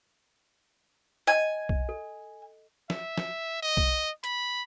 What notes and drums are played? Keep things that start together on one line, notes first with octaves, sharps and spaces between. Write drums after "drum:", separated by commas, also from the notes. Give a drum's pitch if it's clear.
D#5 G#5
drum: kick B1
A4
E5, drum: snare
drum: snare
D#5
drum: kick B1
B5, drum: hi-hat